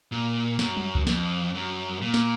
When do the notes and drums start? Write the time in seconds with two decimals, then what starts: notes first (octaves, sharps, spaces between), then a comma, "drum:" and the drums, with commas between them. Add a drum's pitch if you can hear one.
0.12 A#2
0.59 F#2, drum: snare
0.77 drum: tom F#3
0.95 drum: kick C#2
1.07 F2, drum: snare
1.55 F#2
2.02 A#2
2.14 drum: snare